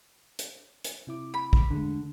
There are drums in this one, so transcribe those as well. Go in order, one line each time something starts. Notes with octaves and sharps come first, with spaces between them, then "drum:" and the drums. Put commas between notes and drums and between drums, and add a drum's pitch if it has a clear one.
drum: hi-hat
drum: hi-hat
C3 E4 D6
B5
drum: kick
E2 D3 G#3 A3